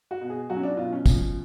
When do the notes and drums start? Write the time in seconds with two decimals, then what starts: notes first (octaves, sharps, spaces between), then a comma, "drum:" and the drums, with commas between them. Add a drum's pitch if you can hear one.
0.11 F#4
0.21 B2
0.30 G#4
0.50 F#3 F#4
0.57 C#4
0.63 D4
0.77 B2 F4
0.93 C#4
1.06 F3, drum: kick, tambourine